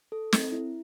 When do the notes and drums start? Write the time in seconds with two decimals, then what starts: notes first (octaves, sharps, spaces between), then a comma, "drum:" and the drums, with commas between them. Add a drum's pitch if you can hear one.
0.12 A4
0.32 C4, drum: snare
0.52 E4